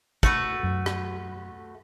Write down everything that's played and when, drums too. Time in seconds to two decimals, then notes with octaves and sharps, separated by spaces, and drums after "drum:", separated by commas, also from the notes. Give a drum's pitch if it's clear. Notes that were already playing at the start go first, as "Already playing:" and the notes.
0.23 A3 F#4 B4, drum: kick
0.63 F#2
0.86 drum: rim click